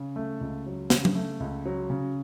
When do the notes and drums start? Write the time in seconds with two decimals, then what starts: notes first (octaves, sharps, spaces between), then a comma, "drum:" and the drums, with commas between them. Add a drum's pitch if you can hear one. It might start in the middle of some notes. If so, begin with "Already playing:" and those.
Already playing: C#3
0.16 A3
0.41 C#2
0.66 F#3
0.90 C#3, drum: snare
1.05 drum: tom F#3
1.15 A3
1.40 C#2
1.66 F#3
1.90 C#3